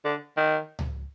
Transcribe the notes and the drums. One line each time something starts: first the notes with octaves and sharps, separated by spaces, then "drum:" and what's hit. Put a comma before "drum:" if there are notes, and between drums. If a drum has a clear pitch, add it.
D3
D#3
drum: tom C#2